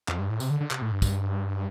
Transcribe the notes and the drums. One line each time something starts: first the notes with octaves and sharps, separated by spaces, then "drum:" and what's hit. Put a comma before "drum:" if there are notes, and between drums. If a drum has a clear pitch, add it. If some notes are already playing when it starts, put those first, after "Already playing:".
F2, drum: clap
G2
A2
C3, drum: tambourine
D3
D3
C3, drum: clap
A2
G2
drum: kick, tambourine